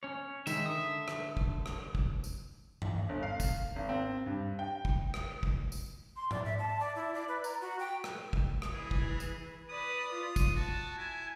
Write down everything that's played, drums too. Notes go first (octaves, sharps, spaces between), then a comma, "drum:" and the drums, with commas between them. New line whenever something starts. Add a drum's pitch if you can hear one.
C#4 C#5
D#3 G#3 E5, drum: tambourine
D3 A4 D#6
drum: rim click
drum: kick
drum: rim click
drum: kick
drum: tambourine
drum: tom G2
G1
F5
drum: kick, tambourine
G#1
C4
G2
G5
drum: kick
drum: rim click
drum: kick
drum: tambourine
C6
D5, drum: tom G#2
E5
A5
D5
E4
D5
B4
A#5, drum: tambourine
F#4
G5
drum: rim click
drum: kick
drum: rim click
E3 G#4
drum: kick
drum: tambourine
B4 D5 D#6
F4
drum: kick, tambourine
F#4 A5
E4 G#5